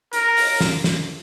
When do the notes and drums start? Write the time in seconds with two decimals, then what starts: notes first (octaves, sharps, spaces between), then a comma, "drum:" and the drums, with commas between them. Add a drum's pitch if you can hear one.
0.13 A#4, drum: hi-hat
0.37 drum: open hi-hat
0.61 drum: snare
0.84 drum: snare